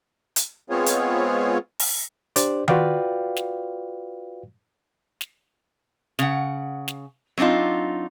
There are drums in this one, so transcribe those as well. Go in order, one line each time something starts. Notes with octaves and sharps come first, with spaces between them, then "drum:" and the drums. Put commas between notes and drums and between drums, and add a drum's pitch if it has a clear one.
drum: hi-hat
G#3 B3 C4 F4 G#4 C#5
drum: hi-hat
drum: open hi-hat
D4 G4 C5 D5, drum: hi-hat
F4 F#4 B4 D5 F5 G5, drum: tom D#3
drum: snare
drum: snare
C#3 F#5, drum: snare
drum: snare
F#3 C4 D4 D#4 F4